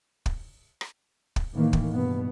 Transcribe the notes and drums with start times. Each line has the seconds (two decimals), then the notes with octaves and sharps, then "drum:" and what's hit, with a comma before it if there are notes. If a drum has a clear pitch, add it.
0.26 drum: kick
0.81 drum: rim click
1.36 drum: kick
1.54 A2 D#3 E3 A#3
1.73 drum: kick
1.91 G2 B2 B3